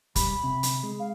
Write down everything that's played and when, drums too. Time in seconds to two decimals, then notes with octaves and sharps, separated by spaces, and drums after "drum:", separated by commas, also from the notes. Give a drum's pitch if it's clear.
0.16 G3 B5, drum: kick, hi-hat
0.44 C3
0.63 drum: hi-hat
0.83 G#3
1.00 F5